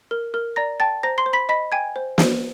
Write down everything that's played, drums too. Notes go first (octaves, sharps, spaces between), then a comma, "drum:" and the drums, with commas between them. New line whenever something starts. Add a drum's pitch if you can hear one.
A#4
A#4
D5 A#5 A#6
G5 A5 A6
C5 A#5 A#6
C6 C7
C5
B5 B6
D#5 B5 B6
G5 G#5 G#6
C5
C5, drum: snare